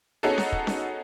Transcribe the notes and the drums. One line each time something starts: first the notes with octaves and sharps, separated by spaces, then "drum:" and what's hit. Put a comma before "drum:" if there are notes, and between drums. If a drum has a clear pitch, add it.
B3 C#4 D#4 F#4 G#4 A4
drum: snare C#4
drum: kick
drum: snare C#4